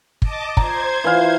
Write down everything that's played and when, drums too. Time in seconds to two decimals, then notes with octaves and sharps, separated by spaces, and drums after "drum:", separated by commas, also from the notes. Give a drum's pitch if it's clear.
0.22 D#5 A5 D6, drum: kick
0.57 C5 A#5 G#6, drum: kick
1.04 E3 F5